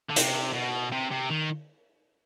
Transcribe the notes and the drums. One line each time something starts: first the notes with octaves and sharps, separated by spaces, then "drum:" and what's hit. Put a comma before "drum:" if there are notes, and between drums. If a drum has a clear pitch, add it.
D3
C3, drum: hi-hat
B2
C3
C3
D#3